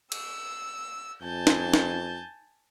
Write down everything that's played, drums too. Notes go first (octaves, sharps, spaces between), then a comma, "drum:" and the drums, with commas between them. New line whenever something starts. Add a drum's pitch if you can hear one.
E6, drum: cymbal
F2 G#5 A5 G6
drum: snare
drum: snare